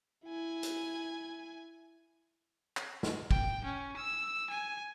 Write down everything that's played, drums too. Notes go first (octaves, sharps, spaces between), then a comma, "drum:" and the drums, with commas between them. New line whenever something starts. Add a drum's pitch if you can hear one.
E4 G#5
drum: hi-hat
drum: clap
drum: snare
G5, drum: kick
C#4
E6
G#5